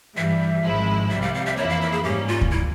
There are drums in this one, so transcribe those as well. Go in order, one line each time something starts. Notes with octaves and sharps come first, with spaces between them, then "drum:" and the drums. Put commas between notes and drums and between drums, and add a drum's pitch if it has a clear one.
G2 E3 G3 E5
G#1 G#2 F3 G#3 E4
C2 C3 G3 E5
F5
F5
E5
F2 E3 A#3 E4 C#5
F5
E5
G#4
G#2 G3 A#3 C#4 G4
F4
drum: kick D2
E4